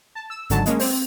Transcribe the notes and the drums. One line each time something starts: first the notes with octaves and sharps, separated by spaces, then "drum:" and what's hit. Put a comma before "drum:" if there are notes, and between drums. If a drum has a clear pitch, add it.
A5
E6
G#1 G#2 D3 F#3 A5, drum: hi-hat
G#3 A#3 C#4, drum: hi-hat
C4, drum: open hi-hat